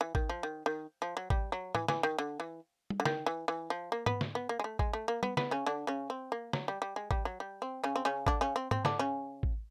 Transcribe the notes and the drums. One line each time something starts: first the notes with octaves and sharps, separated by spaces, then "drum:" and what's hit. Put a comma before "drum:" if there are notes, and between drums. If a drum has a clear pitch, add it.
E3
D#3, drum: kick A1
F3
D#3
D#3
F3
F#3
G3, drum: kick A1
F#3
E3, drum: tom A2
E3, drum: snare
D#3
D3
E3
drum: tom
D3
D#3, drum: snare
E3
E3
F3
A#3
B3, drum: tom G#2
drum: snare
B3
A#3
G#3
A3
G#3, drum: kick A1
A3
A#3
B3, drum: tom
B3, drum: snare
C#3 C#4
D3 D4
C#3 C#4
C4
A#3
F#3, drum: snare
G3
G3
G#3
G3, drum: kick A1
F#3
G3
C4
C#3 C#4
C4
C#3 C#4
D3 D4, drum: kick A1
C#3 C#4
C4
C4, drum: tom G#2
D3 D4, drum: snare
C#3 C#4
drum: kick A1